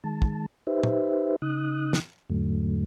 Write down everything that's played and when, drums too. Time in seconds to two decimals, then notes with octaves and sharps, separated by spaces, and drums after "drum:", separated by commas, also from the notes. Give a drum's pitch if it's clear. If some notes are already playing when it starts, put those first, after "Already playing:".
0.04 D#3 G#3 A5
0.22 drum: kick
0.67 D#4 G4 B4 C5 E5
0.83 drum: tom
1.42 C#3 D#4 D#6 F#6
1.93 drum: snare
2.30 E2 G#2 D3 F#3 A3